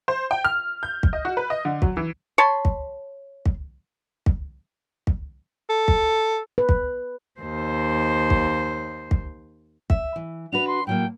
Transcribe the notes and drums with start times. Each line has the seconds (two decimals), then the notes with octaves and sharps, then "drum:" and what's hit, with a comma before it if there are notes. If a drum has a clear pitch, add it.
0.08 C5
0.31 G5
0.45 F6
0.83 G6
1.03 drum: kick
1.13 D#5
1.25 F#4
1.37 B4
1.50 D#5
1.65 D3
1.82 F#3, drum: kick
1.97 E3
2.38 C#5 A5 B5 C6
2.65 drum: kick
3.46 drum: kick
4.26 drum: kick
5.07 drum: kick
5.69 A4
5.88 drum: kick
6.58 B4
6.69 drum: kick
7.40 D#2 C5
8.30 drum: kick
9.11 drum: kick
9.90 E5, drum: kick
10.16 E3
10.52 D4 F#4 B4 F7
10.67 C6
10.87 A2 F#3 A#3 G5